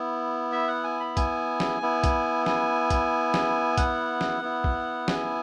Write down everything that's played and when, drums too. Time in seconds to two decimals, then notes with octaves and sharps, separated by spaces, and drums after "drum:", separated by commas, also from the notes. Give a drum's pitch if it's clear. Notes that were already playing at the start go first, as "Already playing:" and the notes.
Already playing: B3 E4
0.52 E5
0.68 F#5
0.84 G#5
1.00 B5
1.17 G#5, drum: kick, hi-hat
1.60 drum: snare
1.82 B3 E4
2.04 drum: kick, hi-hat
2.46 G#5, drum: snare
2.90 drum: kick, hi-hat
3.34 drum: snare
3.78 F#5, drum: kick, hi-hat
4.21 drum: snare
4.42 B3 E4
4.64 drum: kick
5.08 G#5, drum: snare